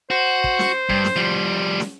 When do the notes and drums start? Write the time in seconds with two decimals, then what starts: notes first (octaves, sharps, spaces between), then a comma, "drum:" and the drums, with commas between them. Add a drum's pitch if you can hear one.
0.10 F#4 C5
0.44 drum: kick
0.59 drum: snare
0.89 G2, drum: kick
1.04 drum: snare
1.16 F3 G3
1.80 drum: snare